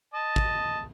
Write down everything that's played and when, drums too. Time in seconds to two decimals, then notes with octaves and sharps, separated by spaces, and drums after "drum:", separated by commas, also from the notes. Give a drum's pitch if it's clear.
0.14 D#5 A5
0.36 drum: kick